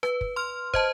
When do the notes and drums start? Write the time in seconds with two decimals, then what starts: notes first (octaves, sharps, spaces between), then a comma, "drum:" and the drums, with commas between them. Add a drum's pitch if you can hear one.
0.03 B4, drum: rim click
0.21 drum: kick
0.36 C6 F6
0.74 C5 D#5 A5, drum: kick